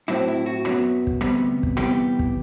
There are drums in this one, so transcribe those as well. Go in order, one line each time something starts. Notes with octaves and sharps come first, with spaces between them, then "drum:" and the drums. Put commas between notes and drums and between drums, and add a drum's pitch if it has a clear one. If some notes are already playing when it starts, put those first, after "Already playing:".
A2 F#3 C4 E4, drum: rim click
E4
F#4
F#2 F#3 B3, drum: rim click
drum: kick
D2 C3 G3 B3, drum: rim click
drum: kick
E2 C3 G3 B3 G4, drum: rim click
drum: kick